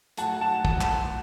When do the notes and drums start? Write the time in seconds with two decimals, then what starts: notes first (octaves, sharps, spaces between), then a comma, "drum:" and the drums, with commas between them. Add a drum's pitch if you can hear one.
0.17 A2 F#3 F#5 A5, drum: hi-hat
0.41 F#5 A5
0.65 A2 F#3, drum: kick
0.81 drum: clap